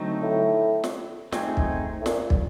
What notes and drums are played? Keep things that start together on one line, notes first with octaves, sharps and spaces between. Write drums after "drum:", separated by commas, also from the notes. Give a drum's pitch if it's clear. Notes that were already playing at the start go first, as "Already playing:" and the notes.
Already playing: D3 F#3 A3 C4 D#4
A2
drum: snare
A3 C4 D#4 G#4, drum: snare
drum: kick
A2
A#2, drum: snare
drum: kick